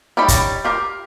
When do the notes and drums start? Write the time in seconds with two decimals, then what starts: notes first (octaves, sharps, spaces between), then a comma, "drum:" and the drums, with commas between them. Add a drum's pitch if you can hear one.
0.17 G3 D#4 C#5 D5 B5
0.28 drum: kick, hi-hat
0.65 F4 G4 A#4